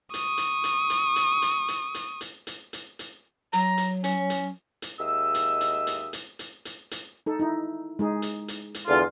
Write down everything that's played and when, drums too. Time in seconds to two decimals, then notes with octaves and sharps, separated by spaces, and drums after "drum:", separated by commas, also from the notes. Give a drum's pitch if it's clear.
0.14 C#6 D#6, drum: hi-hat
0.38 drum: hi-hat
0.64 drum: hi-hat
0.90 drum: hi-hat
1.16 drum: hi-hat
1.42 drum: hi-hat
1.68 drum: hi-hat
1.95 drum: hi-hat
2.21 drum: hi-hat
2.47 drum: hi-hat
2.73 drum: hi-hat
2.99 drum: hi-hat
3.53 F#3 A#5, drum: hi-hat
3.78 drum: hi-hat
4.04 C#4, drum: hi-hat
4.30 drum: hi-hat
4.82 drum: hi-hat
4.99 D#2 G#3 D#5 E5 E6
5.35 drum: hi-hat
5.61 drum: hi-hat
5.87 drum: hi-hat
6.13 drum: hi-hat
6.39 drum: hi-hat
6.65 drum: hi-hat
6.91 drum: hi-hat
7.26 D#4 A4
7.40 D#4 E4
7.99 G#3 D#4 G#4
8.22 drum: hi-hat
8.48 drum: hi-hat
8.75 drum: hi-hat
8.88 E2 D3 F4